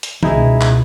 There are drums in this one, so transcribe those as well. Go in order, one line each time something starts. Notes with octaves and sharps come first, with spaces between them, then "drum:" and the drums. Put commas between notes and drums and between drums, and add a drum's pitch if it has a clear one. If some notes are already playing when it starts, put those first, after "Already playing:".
drum: hi-hat
C#2 B2 D#4 E4 G#4, drum: tom D#3
drum: clap